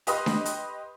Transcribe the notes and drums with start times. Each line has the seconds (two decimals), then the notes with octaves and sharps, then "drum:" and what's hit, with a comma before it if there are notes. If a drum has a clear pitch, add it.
0.07 G4 B4 D#5 C6 D#6, drum: hi-hat
0.26 drum: snare D4
0.45 drum: hi-hat